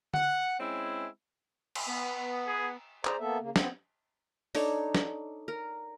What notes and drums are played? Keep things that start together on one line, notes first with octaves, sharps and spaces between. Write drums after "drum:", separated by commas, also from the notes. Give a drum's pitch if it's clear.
F#5, drum: tom D3
G#3 C4 C#4 E4
drum: cymbal
B3
G#4
G#4 C5 D5 A#5, drum: clap
A#3 B3 A4 E5
C#3 A#3
B3 C4, drum: snare
D4 D#4 A4 C#5, drum: open hi-hat
drum: snare
A#4